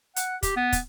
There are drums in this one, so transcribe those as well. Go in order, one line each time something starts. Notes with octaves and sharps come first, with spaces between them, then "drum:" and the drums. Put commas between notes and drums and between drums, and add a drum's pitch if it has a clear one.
F#5, drum: hi-hat
G4, drum: kick, hi-hat
B3
drum: kick, hi-hat